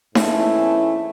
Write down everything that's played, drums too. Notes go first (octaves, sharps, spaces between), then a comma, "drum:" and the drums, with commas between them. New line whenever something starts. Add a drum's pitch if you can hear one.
G#2 E3 A3 C#4 E4, drum: snare D#4